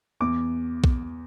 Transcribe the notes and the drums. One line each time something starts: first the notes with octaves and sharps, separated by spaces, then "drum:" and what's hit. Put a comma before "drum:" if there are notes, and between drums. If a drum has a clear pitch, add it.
E2 D6
drum: kick B1